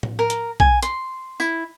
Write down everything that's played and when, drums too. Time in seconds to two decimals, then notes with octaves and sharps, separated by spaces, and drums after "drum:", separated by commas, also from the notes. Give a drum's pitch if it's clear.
0.03 drum: tom A2
0.19 A#4
0.30 drum: hi-hat
0.60 G#5, drum: kick B1
0.82 C6, drum: hi-hat
1.40 E4, drum: tambourine